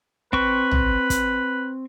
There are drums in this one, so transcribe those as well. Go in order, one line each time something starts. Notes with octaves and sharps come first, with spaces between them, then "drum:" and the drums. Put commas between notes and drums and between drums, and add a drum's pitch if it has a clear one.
C4 B4 C#6, drum: kick
drum: tom A#1
drum: kick, hi-hat